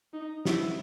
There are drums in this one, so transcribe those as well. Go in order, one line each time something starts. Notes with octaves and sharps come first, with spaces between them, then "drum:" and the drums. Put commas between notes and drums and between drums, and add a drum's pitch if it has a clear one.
D#4
E4, drum: snare